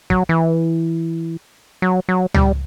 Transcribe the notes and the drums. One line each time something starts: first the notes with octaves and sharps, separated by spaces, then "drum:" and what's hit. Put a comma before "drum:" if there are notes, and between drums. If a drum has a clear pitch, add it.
F#3, drum: kick
E3
F#3
F#3
G3, drum: tom C#2